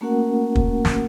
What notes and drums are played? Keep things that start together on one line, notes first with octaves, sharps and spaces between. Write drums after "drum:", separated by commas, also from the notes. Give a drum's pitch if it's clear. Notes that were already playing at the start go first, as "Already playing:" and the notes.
A3 A#3 C#4 F#4 A#4 F#5
drum: kick
drum: snare